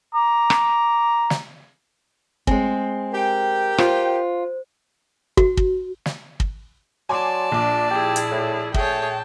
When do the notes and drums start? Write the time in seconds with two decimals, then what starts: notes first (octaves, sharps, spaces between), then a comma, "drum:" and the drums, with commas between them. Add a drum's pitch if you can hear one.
0.14 A#5 D6
0.50 drum: rim click
1.30 drum: snare
2.47 G#3 C4 G#5, drum: kick
3.14 G4 A#4 G5
3.78 F4 C5, drum: rim click
5.37 F#4, drum: kick
5.57 drum: kick
6.06 drum: snare
6.40 drum: kick
7.09 F#3 D5 G#5 A5 C6 D6
7.52 A#1 D4 D6
7.91 E4 G4 G#4
8.16 drum: hi-hat
8.31 A2
8.74 A3 G#4 C#5 G5 A5, drum: kick